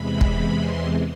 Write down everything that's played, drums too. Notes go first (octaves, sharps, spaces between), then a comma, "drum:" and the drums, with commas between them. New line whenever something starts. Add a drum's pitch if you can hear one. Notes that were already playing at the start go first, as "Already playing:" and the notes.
Already playing: E2 C3 E3 G#3 B5
drum: kick
C6